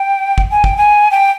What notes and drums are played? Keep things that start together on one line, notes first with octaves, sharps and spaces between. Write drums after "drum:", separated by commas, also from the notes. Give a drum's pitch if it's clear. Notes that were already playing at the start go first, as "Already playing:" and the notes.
Already playing: G5
drum: kick
G#5
G5, drum: kick
G#5
G5